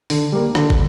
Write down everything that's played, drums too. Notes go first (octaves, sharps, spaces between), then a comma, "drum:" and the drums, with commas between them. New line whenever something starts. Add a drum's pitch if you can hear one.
D3, drum: open hi-hat
G3 A#3
D3, drum: rim click
drum: kick